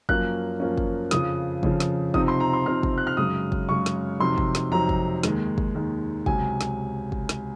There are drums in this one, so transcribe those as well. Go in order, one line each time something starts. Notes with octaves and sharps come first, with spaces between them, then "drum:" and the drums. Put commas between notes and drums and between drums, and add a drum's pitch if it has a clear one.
F#2 F3 A#3 C#4 F#6, drum: kick
F#2 F3 A#3 C#4
drum: kick
F2 C#3 F3 D#6, drum: snare
F2 C#3 F3, drum: kick
drum: snare
C3 F3 C4 D#4 D#6, drum: kick
C6
A#5
C6
C3 F3 C4 D#4 F6
drum: kick
F#6
F6
F#2 C#3 G#3 D#6
drum: kick
F#2 C#3 G#3 C#6
drum: snare
F2 C3 F#3 C4 D#4 C6
drum: kick
drum: snare
F2 C3 F#3 C4 D#4 A#5
drum: kick
D#2 D#3 G#3, drum: snare
drum: kick
D#2 D#3 G#3
C#2 C3 F#3 G#5, drum: kick
drum: snare
drum: kick
drum: snare